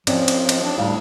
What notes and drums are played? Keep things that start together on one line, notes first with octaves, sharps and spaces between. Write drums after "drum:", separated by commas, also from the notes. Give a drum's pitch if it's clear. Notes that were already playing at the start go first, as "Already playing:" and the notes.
F3 C4 C#4 D5, drum: cymbal
drum: cymbal
drum: cymbal
D4
D2 A2 G3 F5